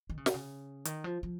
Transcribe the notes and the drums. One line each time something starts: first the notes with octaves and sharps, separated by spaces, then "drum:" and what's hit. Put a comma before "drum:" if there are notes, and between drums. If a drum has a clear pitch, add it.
D#3
C#3
C3, drum: snare
C#3
D#3, drum: hi-hat
F3
F3